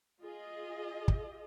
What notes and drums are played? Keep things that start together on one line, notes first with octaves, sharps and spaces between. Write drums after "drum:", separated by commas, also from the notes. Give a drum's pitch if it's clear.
F4 G#4 D#5
drum: kick